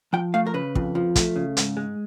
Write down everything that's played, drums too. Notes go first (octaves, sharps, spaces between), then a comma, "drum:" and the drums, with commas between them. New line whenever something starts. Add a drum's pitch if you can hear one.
F3 G5
A3 F5
A#4
C#3 B4
F2, drum: kick
F3
A3, drum: kick, hi-hat
C#3
G#2, drum: hi-hat
G#3